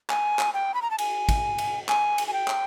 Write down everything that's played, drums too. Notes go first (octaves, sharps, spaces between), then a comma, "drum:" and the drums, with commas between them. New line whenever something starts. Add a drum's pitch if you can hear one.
G#5, drum: clap
drum: clap
G5
B5
A#5
A5
G#5, drum: cymbal
drum: kick, cymbal
drum: cymbal
G#5, drum: clap
drum: cymbal
G#5
G5
drum: clap